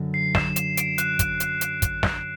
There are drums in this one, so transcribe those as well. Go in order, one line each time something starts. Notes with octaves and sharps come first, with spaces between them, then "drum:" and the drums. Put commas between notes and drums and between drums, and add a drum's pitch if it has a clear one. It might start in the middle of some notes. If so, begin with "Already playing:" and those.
Already playing: F#2 D3 F#3
C7
E7, drum: snare
E7, drum: hi-hat
D7, drum: hi-hat
F#6, drum: hi-hat
drum: kick, hi-hat
drum: hi-hat
drum: hi-hat
drum: kick, hi-hat
drum: snare